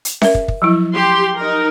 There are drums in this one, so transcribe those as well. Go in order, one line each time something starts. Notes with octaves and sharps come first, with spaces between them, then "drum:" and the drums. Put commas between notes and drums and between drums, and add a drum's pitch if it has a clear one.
drum: hi-hat
A#4 E5, drum: snare C#4
drum: kick
drum: kick
F3 F#3 E4
G4 C6
D#4 A#4